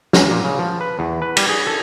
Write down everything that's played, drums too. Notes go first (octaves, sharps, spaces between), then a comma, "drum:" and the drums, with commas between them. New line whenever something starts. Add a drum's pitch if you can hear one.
E2, drum: snare
A#2
C#3
F3
B4
E2
B4
G3, drum: cymbal
G#4
A4